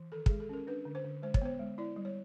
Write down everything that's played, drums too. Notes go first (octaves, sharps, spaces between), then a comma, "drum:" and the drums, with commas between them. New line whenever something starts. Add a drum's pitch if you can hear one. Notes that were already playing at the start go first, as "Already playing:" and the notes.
Already playing: E3
D#3 A4
G#4, drum: kick
G#3
A4
C#4 A#4
D4 B4
D3
C5
D3
G#3 C5
C#5, drum: kick
B3 C5
G#3
E4 D5
G3
C#5